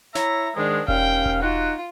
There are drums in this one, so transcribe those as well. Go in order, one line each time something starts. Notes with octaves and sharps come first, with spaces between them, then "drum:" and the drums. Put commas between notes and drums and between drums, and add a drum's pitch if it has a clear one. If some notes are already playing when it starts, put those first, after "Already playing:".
E4 C#5 E5 A#5, drum: snare
G#2 D#3 G#3 D4
D#2 C#4 F5 G5, drum: kick E1
drum: kick E1
D#4 F4 F#4